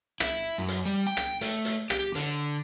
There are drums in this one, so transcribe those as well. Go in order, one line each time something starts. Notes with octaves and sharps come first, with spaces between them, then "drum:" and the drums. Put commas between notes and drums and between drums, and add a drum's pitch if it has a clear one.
E4, drum: rim click
F#2
drum: hi-hat
G3
G5
drum: rim click
A3, drum: hi-hat
drum: hi-hat
G4, drum: rim click
D3, drum: hi-hat